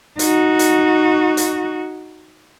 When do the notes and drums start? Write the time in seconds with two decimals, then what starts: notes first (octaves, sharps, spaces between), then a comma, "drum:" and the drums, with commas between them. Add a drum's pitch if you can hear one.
0.19 D#4 F#4, drum: hi-hat
0.59 drum: hi-hat
1.37 drum: hi-hat